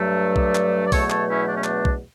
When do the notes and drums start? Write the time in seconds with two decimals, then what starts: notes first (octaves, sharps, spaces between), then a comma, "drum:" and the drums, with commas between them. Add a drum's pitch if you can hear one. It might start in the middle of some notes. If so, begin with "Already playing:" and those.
Already playing: G2 F#3 A3
0.36 D4, drum: kick B1
0.55 drum: clap
0.87 D5
0.92 E2 B2 F#3 A3 A4 C#5, drum: kick B1, open hi-hat
1.10 A4 C#5, drum: clap
1.30 C#4 E4
1.48 D4
1.56 C#4
1.64 D4, drum: clap
1.85 drum: kick B1